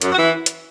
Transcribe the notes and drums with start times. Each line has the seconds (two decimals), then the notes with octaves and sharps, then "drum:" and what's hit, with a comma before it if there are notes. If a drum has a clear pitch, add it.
0.01 F#2, drum: hi-hat
0.12 F#4
0.18 E3 E4
0.46 drum: hi-hat